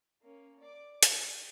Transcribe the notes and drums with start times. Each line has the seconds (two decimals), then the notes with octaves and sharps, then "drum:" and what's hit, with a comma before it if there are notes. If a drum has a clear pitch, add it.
0.22 A#3 C#4
0.60 D5 D6
1.03 G4, drum: hi-hat